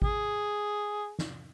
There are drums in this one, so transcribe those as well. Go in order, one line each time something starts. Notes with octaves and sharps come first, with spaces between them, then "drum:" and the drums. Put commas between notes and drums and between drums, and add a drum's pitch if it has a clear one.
G#4, drum: kick G#1
drum: snare